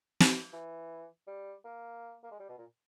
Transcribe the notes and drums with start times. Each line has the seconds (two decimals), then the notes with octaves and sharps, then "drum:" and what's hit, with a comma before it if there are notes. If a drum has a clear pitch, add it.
0.20 drum: snare
0.53 E3
1.27 G3
1.65 A#3
2.24 A#3
2.31 G#3
2.40 G3
2.49 B2
2.58 A#2